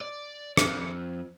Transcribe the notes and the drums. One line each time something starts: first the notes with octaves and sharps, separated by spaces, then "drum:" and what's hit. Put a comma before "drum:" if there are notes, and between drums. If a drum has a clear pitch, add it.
D5
F2, drum: rim click